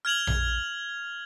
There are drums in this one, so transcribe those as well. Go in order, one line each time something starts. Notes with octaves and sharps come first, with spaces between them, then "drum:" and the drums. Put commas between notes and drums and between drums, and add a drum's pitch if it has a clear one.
F6 G#6 F7 F#7
drum: tom A#1